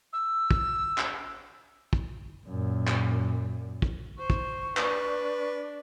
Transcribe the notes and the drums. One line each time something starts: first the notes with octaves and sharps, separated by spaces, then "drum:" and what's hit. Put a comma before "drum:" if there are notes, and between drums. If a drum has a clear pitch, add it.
E6
drum: kick
drum: clap
drum: kick
F#2 A#2
drum: clap
drum: kick
C5 C#6
drum: kick
D4 B4, drum: clap